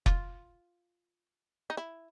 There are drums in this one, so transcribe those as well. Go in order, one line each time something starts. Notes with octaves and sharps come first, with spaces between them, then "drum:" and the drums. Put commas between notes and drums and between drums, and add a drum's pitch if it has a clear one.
F4, drum: kick F1
D#4
E4